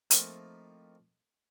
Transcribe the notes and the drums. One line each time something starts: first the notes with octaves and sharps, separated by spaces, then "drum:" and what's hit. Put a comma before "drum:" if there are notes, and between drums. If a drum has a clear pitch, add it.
F3 A3 A#3 C4 D#4 E4, drum: hi-hat